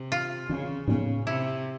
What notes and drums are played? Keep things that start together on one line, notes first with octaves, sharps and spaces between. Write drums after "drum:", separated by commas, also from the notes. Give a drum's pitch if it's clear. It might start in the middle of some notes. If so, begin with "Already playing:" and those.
Already playing: C3
F4
C#3, drum: tom
C#3, drum: tom
C3 E4